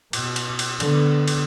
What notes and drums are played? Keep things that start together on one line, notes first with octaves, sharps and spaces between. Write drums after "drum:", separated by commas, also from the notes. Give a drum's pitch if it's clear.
B2, drum: cymbal
drum: cymbal
drum: cymbal
D3 B3, drum: cymbal
drum: cymbal